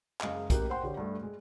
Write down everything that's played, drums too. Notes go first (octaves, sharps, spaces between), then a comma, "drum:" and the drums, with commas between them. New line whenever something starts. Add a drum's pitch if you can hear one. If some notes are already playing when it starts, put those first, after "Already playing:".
F#1 G#3 D#5 F5, drum: clap
A1 A#3 G4 A#4 F#6, drum: kick B1, hi-hat
C5 F#5 G5 C6
D3 G4 C#5
G2 A3
G#3